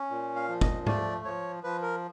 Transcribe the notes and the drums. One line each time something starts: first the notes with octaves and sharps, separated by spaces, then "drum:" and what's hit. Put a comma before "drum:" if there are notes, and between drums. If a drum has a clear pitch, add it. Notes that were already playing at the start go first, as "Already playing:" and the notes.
Already playing: C#4
A#2
F5
F3
D#5, drum: kick
A3 D5, drum: tom G#2
F3 C#5
F3 B4
A#4